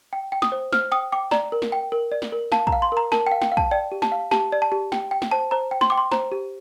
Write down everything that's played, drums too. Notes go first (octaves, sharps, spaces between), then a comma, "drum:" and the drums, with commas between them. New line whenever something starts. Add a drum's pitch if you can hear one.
G5
G5
D#6, drum: snare
C5
C5 F6, drum: snare
G5 D#6
G5 D6
D5 A#5, drum: snare
A#4
drum: snare
G5
A#4
D5
drum: snare
A#4
F5 A5, drum: snare
A#5, drum: kick
F5
C6
A#4 A#5
A#4 A5, drum: snare
F5 G5
G5, drum: snare
F5
A5, drum: kick
D5 G5
G4
A5, drum: snare
F5
G4 A5, drum: snare
D5
A5
G4
G5, drum: snare
G5
drum: snare
C5 A5
C5 A#5
G5
C6, drum: snare
G5 D6
C6
C5 A#5, drum: snare
G4